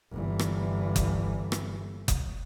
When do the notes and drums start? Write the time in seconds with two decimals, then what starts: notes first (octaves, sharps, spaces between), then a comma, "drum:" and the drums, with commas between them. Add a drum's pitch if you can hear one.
0.11 G1 E3
0.39 drum: rim click
0.96 drum: kick F#1, hi-hat
1.52 drum: rim click
2.08 drum: kick F#1, hi-hat